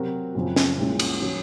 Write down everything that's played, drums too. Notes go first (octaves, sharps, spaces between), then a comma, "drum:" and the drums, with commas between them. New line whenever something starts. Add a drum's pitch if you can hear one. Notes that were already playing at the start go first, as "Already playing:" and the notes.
Already playing: C3 F#3 C4 F#4 A#4
F#2 C#3 F3 C4
drum: snare
C2 A#2 G#3 C#4
drum: cymbal
D#3 F#3 C#4